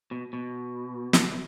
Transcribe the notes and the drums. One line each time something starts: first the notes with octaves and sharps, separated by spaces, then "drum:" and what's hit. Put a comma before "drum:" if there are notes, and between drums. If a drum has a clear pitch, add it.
B2
B2
drum: snare